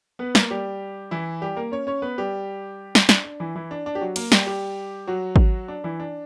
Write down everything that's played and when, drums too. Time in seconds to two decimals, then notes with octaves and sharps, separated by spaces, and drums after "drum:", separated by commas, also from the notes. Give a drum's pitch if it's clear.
0.19 B3 B4
0.35 A#3 A#4, drum: snare
0.51 G3 G4
1.11 E3 E4
1.41 G3 G4
1.56 A#3 A#4
1.72 C#4 C#5
1.87 C#4 C#5
2.02 B3 B4
2.18 G3 G4
2.95 drum: snare
3.09 D4, drum: snare
3.24 D4
3.40 E3 E4
3.56 E3 E4
3.71 D4
3.86 D4
3.95 G4
4.01 F#3 F#4
4.16 A#3 A#4, drum: cymbal
4.32 G3 G4, drum: snare
4.46 G3 G4
5.07 F#3 F#4
5.36 drum: kick G#1
5.68 D4
5.84 E3 E4
6.00 D4